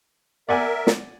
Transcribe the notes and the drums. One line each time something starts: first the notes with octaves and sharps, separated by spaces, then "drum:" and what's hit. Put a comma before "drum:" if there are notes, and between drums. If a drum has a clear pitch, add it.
A#4 D5 E5 F#5 G#5
drum: snare